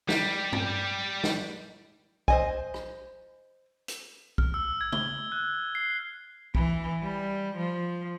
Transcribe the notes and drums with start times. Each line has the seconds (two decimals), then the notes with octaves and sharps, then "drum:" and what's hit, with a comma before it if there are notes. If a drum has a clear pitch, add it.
0.09 G3, drum: snare
0.53 drum: tom G2
1.24 drum: snare
2.28 C5 D#5 G#5, drum: kick B1
2.74 drum: rim click
3.88 drum: hi-hat
4.38 F6, drum: kick B1
4.54 E6
4.81 G#6
4.92 G7, drum: tom
5.32 F#6
5.75 C7
6.55 E3, drum: kick B1
7.03 G3
7.56 F3